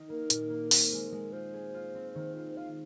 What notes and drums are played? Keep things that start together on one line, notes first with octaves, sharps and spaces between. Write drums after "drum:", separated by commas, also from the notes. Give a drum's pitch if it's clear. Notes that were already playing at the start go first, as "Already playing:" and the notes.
Already playing: D#3 D#4
A#3 A#4
A#2, drum: hi-hat
A#3
C4, drum: open hi-hat
G#3
G#3
F4 C5
G#4
F4
C4
D#3
F4
F4 F5